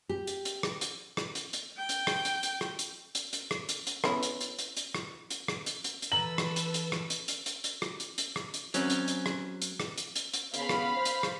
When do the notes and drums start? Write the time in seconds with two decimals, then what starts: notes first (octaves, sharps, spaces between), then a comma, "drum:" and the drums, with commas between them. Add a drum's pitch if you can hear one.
0.09 G4
0.27 drum: hi-hat
0.45 drum: hi-hat
0.63 drum: rim click
0.81 drum: hi-hat
1.17 drum: rim click
1.35 drum: hi-hat
1.53 drum: hi-hat
1.77 G5
1.89 drum: hi-hat
2.07 drum: rim click
2.25 drum: hi-hat
2.43 drum: hi-hat
2.61 drum: rim click
2.79 drum: hi-hat
3.15 drum: hi-hat
3.33 drum: hi-hat
3.51 drum: rim click
3.69 drum: hi-hat
3.87 drum: hi-hat
4.04 B3 C#4 E4, drum: rim click
4.23 drum: hi-hat
4.41 drum: hi-hat
4.59 drum: hi-hat
4.77 drum: hi-hat
4.95 drum: rim click
5.30 drum: hi-hat
5.48 drum: rim click
5.66 drum: hi-hat
5.84 drum: hi-hat
6.02 drum: hi-hat
6.12 E3 A4 B4 A#5 E6 F#7
6.38 drum: rim click
6.56 drum: hi-hat
6.74 drum: hi-hat
6.92 drum: rim click
7.10 drum: hi-hat
7.28 drum: hi-hat
7.46 drum: hi-hat
7.64 drum: hi-hat
7.82 drum: rim click
8.00 drum: hi-hat
8.18 drum: hi-hat
8.36 drum: rim click
8.54 drum: hi-hat
8.74 F#3 C4 C#4, drum: hi-hat
8.90 drum: hi-hat
9.08 drum: hi-hat
9.26 drum: rim click
9.62 drum: hi-hat
9.80 drum: rim click
9.98 drum: hi-hat
10.16 drum: hi-hat
10.33 drum: hi-hat
10.54 C#3 B3 F5 B5, drum: hi-hat
10.69 drum: rim click
10.95 C5
11.05 drum: hi-hat
11.23 drum: rim click